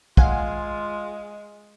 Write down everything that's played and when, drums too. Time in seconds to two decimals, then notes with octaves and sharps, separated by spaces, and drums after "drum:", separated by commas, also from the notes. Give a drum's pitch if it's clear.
0.17 G#3 F4 F5 F#5 G#5, drum: kick